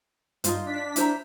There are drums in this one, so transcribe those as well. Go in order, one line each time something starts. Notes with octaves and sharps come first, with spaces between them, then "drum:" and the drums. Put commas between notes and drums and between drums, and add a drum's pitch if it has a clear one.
G2 D#4 F4 C5, drum: hi-hat
D4 B6
E4 C5 A#5, drum: hi-hat